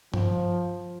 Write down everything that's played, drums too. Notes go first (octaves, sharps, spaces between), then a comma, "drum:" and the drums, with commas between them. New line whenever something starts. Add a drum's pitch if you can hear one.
F3, drum: tom G2